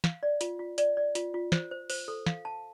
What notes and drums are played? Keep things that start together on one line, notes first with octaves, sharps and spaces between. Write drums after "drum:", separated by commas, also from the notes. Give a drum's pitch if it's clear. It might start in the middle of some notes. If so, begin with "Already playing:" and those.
F5, drum: snare
D5
F4, drum: hi-hat
F4
D5, drum: hi-hat
D5
F4, drum: hi-hat
F4
C5, drum: snare
C5
C5, drum: open hi-hat
A4
F5, drum: snare
A5